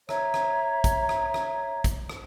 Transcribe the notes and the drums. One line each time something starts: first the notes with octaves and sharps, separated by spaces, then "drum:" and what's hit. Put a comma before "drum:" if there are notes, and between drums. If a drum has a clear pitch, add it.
C#5 E5 A#5, drum: rim click
drum: rim click
drum: kick, hi-hat
drum: rim click
drum: rim click
drum: kick, hi-hat
drum: rim click